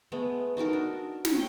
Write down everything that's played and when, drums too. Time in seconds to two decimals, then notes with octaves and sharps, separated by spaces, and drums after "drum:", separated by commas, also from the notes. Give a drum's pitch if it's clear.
0.12 G#3 A3 B3
0.57 D#4 F#4 A4 A#4
0.73 D4
1.25 drum: snare
1.34 C#5 G5